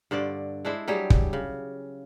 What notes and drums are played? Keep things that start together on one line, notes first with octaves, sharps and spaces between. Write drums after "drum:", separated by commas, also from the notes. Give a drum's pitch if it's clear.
G2 D3 C5 D5
G#3 D4 E4 C5
F#3 G3 G4 G#4
drum: kick
C#3